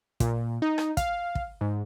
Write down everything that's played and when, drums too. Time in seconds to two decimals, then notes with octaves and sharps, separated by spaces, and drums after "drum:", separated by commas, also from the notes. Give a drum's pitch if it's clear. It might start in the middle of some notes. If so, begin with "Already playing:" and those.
0.20 A#2, drum: kick, hi-hat
0.62 D#4
0.78 drum: rim click
0.97 F5, drum: kick, hi-hat
1.35 drum: kick
1.61 G#2